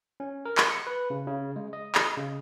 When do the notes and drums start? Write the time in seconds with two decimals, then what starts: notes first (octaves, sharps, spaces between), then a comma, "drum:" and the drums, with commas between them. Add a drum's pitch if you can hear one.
0.20 C#4
0.45 A#4
0.58 drum: clap
0.71 C#7
0.87 B4
1.10 C#3
1.27 C#3
1.56 G#3
1.73 D#5
1.95 D#5, drum: clap
2.17 C#3